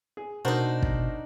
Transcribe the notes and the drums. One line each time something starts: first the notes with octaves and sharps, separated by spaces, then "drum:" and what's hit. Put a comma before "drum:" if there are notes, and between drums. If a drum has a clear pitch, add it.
G#4
B2 D4 D#4 F#4 A#4 C5
drum: kick